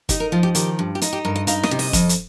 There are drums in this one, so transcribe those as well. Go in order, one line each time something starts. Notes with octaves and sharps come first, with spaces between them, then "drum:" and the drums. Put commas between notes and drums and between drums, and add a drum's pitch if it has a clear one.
D#4 G4, drum: kick, hi-hat
A#4
F3 F4
G4
D#3 G4, drum: hi-hat
G2
G4
D#4 F4, drum: hi-hat
G4
G2 A#4
D#5
D#4 F5, drum: hi-hat
D#5, drum: snare
C3
D#5, drum: open hi-hat
F2, drum: kick, hi-hat
drum: hi-hat